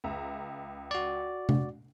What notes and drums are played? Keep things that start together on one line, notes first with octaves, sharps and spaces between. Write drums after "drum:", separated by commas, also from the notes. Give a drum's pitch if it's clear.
C#2 E5 A#5
F#4 D5
drum: tom C3